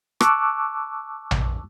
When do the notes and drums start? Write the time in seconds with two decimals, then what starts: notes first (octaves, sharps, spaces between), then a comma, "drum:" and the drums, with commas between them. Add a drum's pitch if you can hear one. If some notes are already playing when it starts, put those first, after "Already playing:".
0.21 A5 C#6 D6 E6 F#6, drum: rim click
1.31 drum: tom A#1